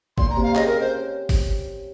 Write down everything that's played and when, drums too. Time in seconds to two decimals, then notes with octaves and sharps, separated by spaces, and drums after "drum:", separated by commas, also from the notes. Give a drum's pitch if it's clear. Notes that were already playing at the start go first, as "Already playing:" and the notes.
0.18 A#2 C6, drum: kick
0.30 A#5
0.37 C3
0.43 F5
0.55 C#3 D#5, drum: clap
0.67 A#4
0.80 C5
1.29 drum: kick, open hi-hat